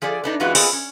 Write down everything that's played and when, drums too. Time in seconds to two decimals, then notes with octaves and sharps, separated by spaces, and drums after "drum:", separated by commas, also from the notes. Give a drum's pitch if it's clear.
0.02 F3 G#4 A4 D5
0.24 B3 D4 D#4
0.40 F#2 E3 G#3 B3 F4 F#4
0.55 B3 C4 F4 G#4 C5 D#5, drum: open hi-hat
0.73 C#4